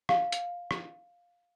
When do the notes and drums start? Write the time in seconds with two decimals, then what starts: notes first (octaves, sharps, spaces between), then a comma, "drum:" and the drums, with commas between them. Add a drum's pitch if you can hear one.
0.09 F5, drum: rim click
0.32 drum: hi-hat
0.71 drum: rim click